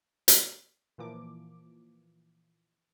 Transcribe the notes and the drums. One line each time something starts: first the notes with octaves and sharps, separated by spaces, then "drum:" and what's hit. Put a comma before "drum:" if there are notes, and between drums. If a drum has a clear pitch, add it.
drum: hi-hat
A#2 E3 F3 A#3 D6